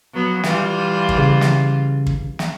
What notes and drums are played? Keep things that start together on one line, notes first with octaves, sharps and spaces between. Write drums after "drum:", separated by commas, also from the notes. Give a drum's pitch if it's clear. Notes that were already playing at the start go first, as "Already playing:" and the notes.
F#3 B3
E3 G3 F4, drum: snare
drum: kick
C#3
drum: snare
drum: kick
drum: snare